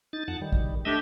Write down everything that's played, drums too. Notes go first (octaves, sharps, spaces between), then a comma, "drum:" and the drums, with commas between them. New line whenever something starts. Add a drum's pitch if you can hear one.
D#4 A6
F2 F#5 A5
D#3 G3
drum: kick A1
A3 D4 G4 D#5 E5